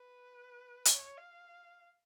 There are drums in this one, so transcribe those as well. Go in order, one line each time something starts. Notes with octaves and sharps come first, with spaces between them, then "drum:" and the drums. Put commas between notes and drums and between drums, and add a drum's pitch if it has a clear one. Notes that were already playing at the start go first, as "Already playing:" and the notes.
Already playing: B4
C#5, drum: hi-hat
F5